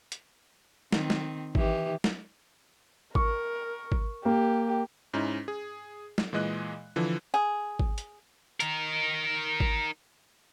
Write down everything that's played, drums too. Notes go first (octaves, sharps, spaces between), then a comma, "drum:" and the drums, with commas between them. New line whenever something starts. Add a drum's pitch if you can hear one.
drum: hi-hat
D#3 C4, drum: snare
drum: snare
D#3 E3 G4, drum: kick G#1
drum: snare
A#4 C#6, drum: kick G#1
drum: kick G#1
A#3 G4
G#2 C#4 D#4 E4
G#4
drum: snare
A#2 E3 G#3 D#5 F#6
D3 E3 F3
G#4
drum: kick G#1
drum: hi-hat
D#4 A#4, drum: hi-hat
drum: kick G#1